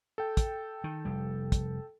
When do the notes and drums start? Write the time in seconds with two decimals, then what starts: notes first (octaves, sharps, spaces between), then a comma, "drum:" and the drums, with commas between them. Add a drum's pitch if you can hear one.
0.18 A4 G5
0.37 drum: kick, hi-hat
0.84 D#3
1.05 F1 G3
1.52 drum: kick, hi-hat